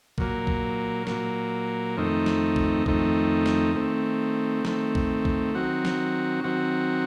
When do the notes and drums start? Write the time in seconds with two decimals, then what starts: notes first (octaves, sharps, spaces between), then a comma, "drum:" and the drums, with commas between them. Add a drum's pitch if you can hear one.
0.18 A#2 F#3 A#3, drum: kick B1
0.47 drum: kick B1
1.07 A#2 F#3 A#3, drum: snare
1.97 F2 D#3 A3 C4 D#4
2.26 drum: snare
2.56 drum: kick B1
2.86 F2 D#3 A3 C4 D#4, drum: kick B1
3.46 drum: snare
3.76 D#3 A3 C4
4.65 D#3 A3 C4, drum: snare
4.95 drum: kick B1
5.25 drum: kick B1
5.55 D#3 F#3 C4 F#4
5.85 drum: snare
6.44 D#3 F#3 C4 F#4